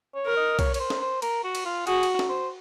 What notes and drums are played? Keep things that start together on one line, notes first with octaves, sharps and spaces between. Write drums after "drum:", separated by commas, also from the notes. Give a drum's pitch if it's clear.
C#5
A#4
D#5
C#5, drum: kick, cymbal
C#5, drum: cymbal
C5
drum: snare
C5
A#4, drum: cymbal
F#4
drum: cymbal
F4
F#4 G#4, drum: cymbal
drum: cymbal
drum: snare
C5